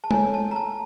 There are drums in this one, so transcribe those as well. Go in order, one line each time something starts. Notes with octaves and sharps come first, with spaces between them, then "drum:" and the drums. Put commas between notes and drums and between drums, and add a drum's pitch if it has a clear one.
A5
E4 A4 C#5 G#5, drum: tom G#3
A5
A#5
A5